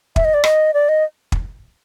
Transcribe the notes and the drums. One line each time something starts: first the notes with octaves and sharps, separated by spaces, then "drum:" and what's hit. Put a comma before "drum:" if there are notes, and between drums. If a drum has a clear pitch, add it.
E5, drum: kick
D#5
D5
D#5, drum: rim click
D5
D#5
drum: kick